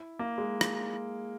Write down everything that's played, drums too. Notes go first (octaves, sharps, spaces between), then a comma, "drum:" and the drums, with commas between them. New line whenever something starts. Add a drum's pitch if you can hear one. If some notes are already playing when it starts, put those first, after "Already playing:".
Already playing: E4
A#3
G#3
drum: rim click